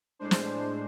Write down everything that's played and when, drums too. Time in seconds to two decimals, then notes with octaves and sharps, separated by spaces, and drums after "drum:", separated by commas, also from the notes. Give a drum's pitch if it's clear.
0.19 A2 G#3 D4 C5
0.31 drum: snare